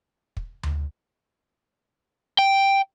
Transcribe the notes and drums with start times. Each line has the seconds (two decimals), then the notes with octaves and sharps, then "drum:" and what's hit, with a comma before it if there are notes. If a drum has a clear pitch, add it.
0.37 drum: kick
0.63 drum: tom D2
2.39 G5